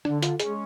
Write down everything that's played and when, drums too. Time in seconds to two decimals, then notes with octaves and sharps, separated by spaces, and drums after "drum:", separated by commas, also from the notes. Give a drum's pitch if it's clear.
0.05 D3 D4, drum: rim click
0.23 F4, drum: hi-hat
0.40 G#3 C#4 G#4, drum: hi-hat